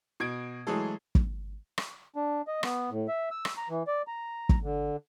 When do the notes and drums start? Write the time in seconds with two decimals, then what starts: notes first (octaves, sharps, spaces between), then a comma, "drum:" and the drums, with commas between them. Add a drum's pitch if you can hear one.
0.20 B2 G#6 D7
0.67 E3 F#3 G#3 A3 G#4 A4
1.15 drum: kick
1.78 drum: rim click
2.15 D4
2.47 D#5
2.63 B3, drum: rim click
2.90 A2
3.08 E5
3.31 E6
3.45 drum: rim click
3.57 A#5
3.69 E3
3.87 D5
4.07 A#5
4.49 drum: kick
4.63 D3